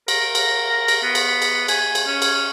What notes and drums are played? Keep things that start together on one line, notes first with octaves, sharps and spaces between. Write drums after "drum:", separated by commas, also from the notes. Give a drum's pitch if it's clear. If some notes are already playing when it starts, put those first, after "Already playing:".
A#4, drum: cymbal
drum: cymbal
drum: cymbal
B3
drum: cymbal
drum: cymbal
G#5, drum: cymbal
drum: cymbal
C#4
drum: cymbal